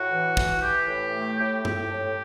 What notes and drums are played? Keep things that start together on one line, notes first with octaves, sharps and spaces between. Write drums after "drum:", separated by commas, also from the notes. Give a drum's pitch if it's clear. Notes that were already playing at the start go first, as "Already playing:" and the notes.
Already playing: A2 F#4
E3
E3, drum: kick
E3 G4
A2
A3
A2 G4
A2, drum: tom G2
A2